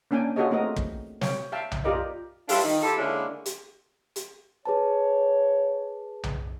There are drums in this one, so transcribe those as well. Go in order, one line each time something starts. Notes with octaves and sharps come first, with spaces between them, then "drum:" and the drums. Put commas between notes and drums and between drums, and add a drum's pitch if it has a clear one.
A#3 C#4 D4 G5 G#5
F4 F#4 G#4 A4 C#5 D#5
A3 C4 F#4 A#4 D#5
drum: kick
C#5 G5, drum: snare
E5 F5 G5 A5
drum: tom B1
F4 G4 A#4 D5 D#5
G3 D4 E4 F4 A4 B4, drum: open hi-hat
D#3
E4 F4 G4 A4
D3 G#3 A#3 C#4 D4 E4
drum: hi-hat
drum: hi-hat
G#4 B4 C#5 A5
drum: tom B1